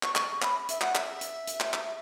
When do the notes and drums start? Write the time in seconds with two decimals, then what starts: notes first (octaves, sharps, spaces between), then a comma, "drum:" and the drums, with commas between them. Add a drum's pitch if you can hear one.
0.03 C#6, drum: clap
0.16 C#6, drum: clap
0.42 B5, drum: clap
0.69 E5, drum: hi-hat
0.81 F#5, drum: clap
0.95 E5, drum: clap
1.21 drum: hi-hat
1.47 drum: hi-hat
1.60 drum: clap
1.73 drum: clap